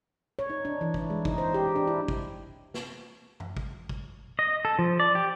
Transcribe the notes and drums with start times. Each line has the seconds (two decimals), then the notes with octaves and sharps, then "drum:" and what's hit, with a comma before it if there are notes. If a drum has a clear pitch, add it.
0.39 C#5
0.50 D#4
0.65 D4
0.81 E3
0.94 E4, drum: kick
1.10 G#3
1.25 D#4, drum: kick
1.38 C5
1.54 G4
1.76 D4
1.87 E4
2.08 drum: kick
2.74 drum: snare
3.40 drum: tom F#2
3.57 drum: kick
3.89 drum: kick
4.39 D#5
4.65 A4
4.79 F3
5.00 D5
5.15 G4